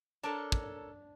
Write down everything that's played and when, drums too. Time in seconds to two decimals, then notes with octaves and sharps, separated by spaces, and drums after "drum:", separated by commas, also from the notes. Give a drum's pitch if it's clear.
0.23 D4 A4 A#4 C#5 A5
0.52 drum: kick